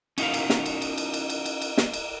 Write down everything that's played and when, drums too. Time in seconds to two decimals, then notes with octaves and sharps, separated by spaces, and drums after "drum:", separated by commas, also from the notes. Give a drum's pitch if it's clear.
0.18 C#4 D#4 F#4 A#4 F5, drum: cymbal
0.34 drum: cymbal
0.50 drum: snare
0.66 drum: cymbal
0.82 drum: cymbal
0.98 drum: cymbal
1.14 drum: cymbal
1.30 drum: cymbal
1.46 drum: cymbal
1.62 drum: cymbal
1.78 drum: snare
1.93 drum: cymbal